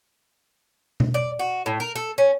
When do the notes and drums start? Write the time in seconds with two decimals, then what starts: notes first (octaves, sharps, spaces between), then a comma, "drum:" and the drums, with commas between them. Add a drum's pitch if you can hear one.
1.00 drum: tom B2
1.14 D5
1.39 F#4
1.66 A2
1.80 A#4
1.96 A4
2.18 C#4